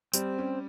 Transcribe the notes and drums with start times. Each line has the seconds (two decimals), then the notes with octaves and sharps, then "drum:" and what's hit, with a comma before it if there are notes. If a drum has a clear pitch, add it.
0.13 G3 C4, drum: tambourine
0.38 C#4 G4